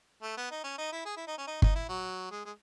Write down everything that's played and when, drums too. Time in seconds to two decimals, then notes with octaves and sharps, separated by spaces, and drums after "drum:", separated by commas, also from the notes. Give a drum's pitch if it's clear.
0.23 A3
0.37 B3
0.51 D#4
0.64 C#4
0.78 D#4
0.92 E4
1.05 G#4
1.17 E4
1.27 D#4
1.38 C#4
1.47 D#4
1.62 D#4, drum: kick G1
1.75 E4
1.89 F#3
2.31 G#3
2.45 G#3